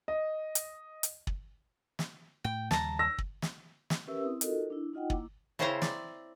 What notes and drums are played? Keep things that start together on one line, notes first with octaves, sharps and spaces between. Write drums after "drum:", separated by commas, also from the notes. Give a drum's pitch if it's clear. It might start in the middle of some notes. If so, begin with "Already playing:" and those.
D#5
drum: hi-hat
drum: hi-hat
drum: kick
drum: snare
A2 G5
D#2 C#3 G3 A5 A#5, drum: snare
E6 A#6
drum: kick
drum: snare
drum: snare
C#4 G4 A#4 B4 E5 E6
C4 E4 D#6
D#4 F4 F#4 A4 A#4 D#5, drum: hi-hat
D4 E4
D#4 F4 D#5 F#5 G5
A#3 E4 D6, drum: kick
C#3 C4 C#4 E4 C5 A#5
D5, drum: snare